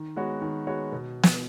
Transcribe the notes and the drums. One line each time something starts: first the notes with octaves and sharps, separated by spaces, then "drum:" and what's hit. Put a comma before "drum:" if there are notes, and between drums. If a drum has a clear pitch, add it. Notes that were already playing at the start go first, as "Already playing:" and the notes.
Already playing: D#3
G#3 B3 F#4 C#5
D#3
G#3 B3 F#4 C#5
B2
drum: snare